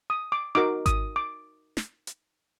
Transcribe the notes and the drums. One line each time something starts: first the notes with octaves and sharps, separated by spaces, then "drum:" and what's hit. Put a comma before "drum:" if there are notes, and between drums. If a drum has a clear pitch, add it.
D#6
D6
D#4 F#4 A#4 D6
D#6, drum: kick G#1, hi-hat
D6
drum: snare
drum: hi-hat